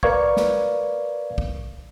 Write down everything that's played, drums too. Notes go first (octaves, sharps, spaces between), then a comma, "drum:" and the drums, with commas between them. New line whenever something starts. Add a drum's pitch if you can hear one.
A#4 B4 D5 F5 C#6 G#6, drum: kick
drum: snare
drum: kick